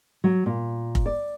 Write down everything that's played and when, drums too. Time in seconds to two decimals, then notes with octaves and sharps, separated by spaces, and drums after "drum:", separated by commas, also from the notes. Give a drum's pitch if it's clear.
0.24 F#3
0.46 A#2
0.95 drum: kick F1
1.06 D5